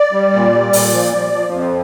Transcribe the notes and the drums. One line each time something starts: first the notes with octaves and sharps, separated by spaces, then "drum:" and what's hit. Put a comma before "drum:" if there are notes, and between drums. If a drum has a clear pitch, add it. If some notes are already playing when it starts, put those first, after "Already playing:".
Already playing: D5
G3
A#2
G3
A#2, drum: open hi-hat
F3
F3
F3
F2